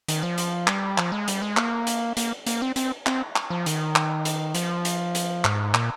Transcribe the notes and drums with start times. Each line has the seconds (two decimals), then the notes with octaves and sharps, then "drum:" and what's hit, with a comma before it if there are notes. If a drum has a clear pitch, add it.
0.08 D#3, drum: hi-hat
0.23 F3
0.38 drum: hi-hat
0.67 G3, drum: clap
0.98 F3, drum: clap
1.12 G#3
1.28 G3, drum: hi-hat
1.42 G#3
1.57 A#3, drum: clap
1.87 drum: hi-hat
2.17 A#3, drum: hi-hat
2.47 A#3, drum: hi-hat
2.62 C4
2.76 C4, drum: hi-hat
3.06 C4, drum: clap
3.36 drum: clap
3.50 F3
3.66 D#3, drum: hi-hat
3.96 drum: clap
4.25 drum: hi-hat
4.55 F3, drum: hi-hat
4.85 drum: hi-hat
5.15 drum: hi-hat
5.45 G#2, drum: clap
5.74 A#2, drum: clap